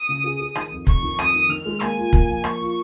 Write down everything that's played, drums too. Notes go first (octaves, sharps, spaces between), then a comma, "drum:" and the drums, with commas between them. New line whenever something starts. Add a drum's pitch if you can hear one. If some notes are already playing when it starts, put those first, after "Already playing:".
Already playing: D#6
C#3
G#4
G#4
D#3, drum: rim click
F2
F2 C#6, drum: kick
D#3
F2 D#6, drum: rim click
D#3
D#3 F6
G#3
A#3 G#5, drum: rim click
F4
A#3, drum: kick
F3
A#3 C#6, drum: rim click
F4